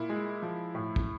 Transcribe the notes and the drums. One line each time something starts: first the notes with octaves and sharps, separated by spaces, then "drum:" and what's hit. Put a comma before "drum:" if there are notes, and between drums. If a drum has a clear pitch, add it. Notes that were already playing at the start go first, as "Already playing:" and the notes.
Already playing: A#2 E4
G#3
F3
A2
drum: kick